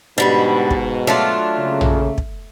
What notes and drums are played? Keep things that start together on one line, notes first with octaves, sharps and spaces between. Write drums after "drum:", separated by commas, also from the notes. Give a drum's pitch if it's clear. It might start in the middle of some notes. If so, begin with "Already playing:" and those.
G#2 B2 D3 G3 B4
drum: kick
F#3 A3 D4 F4
C#3 A#3 A4
drum: tom
drum: kick